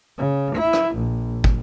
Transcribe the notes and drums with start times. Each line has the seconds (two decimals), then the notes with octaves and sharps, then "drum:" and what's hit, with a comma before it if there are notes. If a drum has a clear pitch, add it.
0.18 C#3
0.55 E4
0.73 drum: rim click
0.95 A#1
1.44 drum: kick